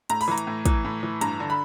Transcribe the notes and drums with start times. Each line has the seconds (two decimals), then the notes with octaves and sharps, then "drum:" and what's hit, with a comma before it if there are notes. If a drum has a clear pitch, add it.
0.10 A2 A#5, drum: hi-hat
0.21 B5, drum: open hi-hat
0.28 E3 A#5
0.38 drum: hi-hat
0.47 A2
0.65 E3, drum: kick, hi-hat
0.85 A2
1.03 E3
1.21 G2 A#5, drum: hi-hat
1.40 D3
1.50 B5